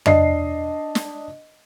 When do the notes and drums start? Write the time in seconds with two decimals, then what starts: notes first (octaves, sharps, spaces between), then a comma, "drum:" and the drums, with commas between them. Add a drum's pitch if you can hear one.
0.06 D4 D#5 C7, drum: tom F2
0.95 drum: snare